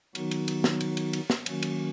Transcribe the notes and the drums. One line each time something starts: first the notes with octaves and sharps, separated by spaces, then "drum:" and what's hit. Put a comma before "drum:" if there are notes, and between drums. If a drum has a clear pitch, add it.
D#3 F#3 B3 D#4 F#4, drum: cymbal
drum: cymbal
drum: cymbal
drum: snare
drum: cymbal
drum: cymbal
drum: cymbal
drum: snare
D#3 F#3 A#3 C#4 F#4, drum: cymbal
drum: cymbal